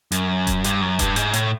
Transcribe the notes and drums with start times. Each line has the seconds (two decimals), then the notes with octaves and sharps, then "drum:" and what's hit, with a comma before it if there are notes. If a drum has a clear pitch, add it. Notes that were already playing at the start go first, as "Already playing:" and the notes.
0.12 F#2, drum: hi-hat
0.47 drum: kick E1, hi-hat
0.64 G2, drum: hi-hat
0.81 F#2
0.99 G2, drum: kick E1, hi-hat
1.16 G#2, drum: hi-hat
1.33 A2, drum: hi-hat